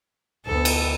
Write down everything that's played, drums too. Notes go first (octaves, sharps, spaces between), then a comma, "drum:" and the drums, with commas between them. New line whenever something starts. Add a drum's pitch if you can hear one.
D2 B3 A4
drum: cymbal